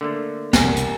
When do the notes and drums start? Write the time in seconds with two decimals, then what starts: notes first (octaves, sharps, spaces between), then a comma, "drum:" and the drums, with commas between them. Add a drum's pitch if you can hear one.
0.01 D3 A3 A#3
0.53 E1 C2 G4 A#4 G#5, drum: snare
0.76 drum: hi-hat